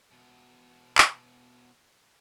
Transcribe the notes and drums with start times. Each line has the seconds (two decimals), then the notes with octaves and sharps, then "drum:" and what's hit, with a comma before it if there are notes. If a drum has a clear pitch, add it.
0.11 E2 B2
0.98 drum: clap